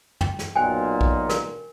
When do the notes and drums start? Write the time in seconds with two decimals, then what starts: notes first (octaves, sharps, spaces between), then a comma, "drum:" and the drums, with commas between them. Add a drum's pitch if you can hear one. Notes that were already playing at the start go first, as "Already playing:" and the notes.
0.21 G5, drum: tom
0.39 drum: snare
0.56 B1 A#2 C5 G5 G#5
1.01 drum: kick A#1
1.29 A#4, drum: snare